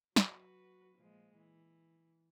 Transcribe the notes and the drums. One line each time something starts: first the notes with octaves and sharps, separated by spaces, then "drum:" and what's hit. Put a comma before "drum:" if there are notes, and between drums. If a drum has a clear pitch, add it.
F#3 F#4 B4, drum: snare
A#2 F3 G#3
E3